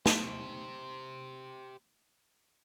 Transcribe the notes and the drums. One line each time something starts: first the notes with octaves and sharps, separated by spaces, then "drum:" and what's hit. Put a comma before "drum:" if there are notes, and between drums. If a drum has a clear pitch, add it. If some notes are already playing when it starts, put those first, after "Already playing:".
G4 C5, drum: snare